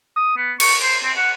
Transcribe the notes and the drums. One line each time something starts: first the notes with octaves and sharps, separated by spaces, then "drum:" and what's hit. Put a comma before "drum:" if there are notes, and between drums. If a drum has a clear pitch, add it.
D#6
B3
C#6, drum: cymbal
C5
C4
F#5